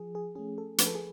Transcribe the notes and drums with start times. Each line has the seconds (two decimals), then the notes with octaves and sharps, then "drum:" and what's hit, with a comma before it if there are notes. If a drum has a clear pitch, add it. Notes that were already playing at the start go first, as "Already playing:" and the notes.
Already playing: F3 G#4
0.15 G#4
0.35 A3 C#4 G#4
0.58 A4
0.78 F3 B4, drum: hi-hat
0.86 A4
0.95 G#4